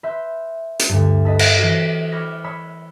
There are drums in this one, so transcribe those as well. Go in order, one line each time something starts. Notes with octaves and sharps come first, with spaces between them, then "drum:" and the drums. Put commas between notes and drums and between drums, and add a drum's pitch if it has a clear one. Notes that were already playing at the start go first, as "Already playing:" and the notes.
B4 E5 C6 G6
drum: hi-hat
D2 G2
A4 B4 D#5
drum: cymbal
E3 F#4
B5 C#6 D6 F6 G#6 A#6
C#5 B5 E6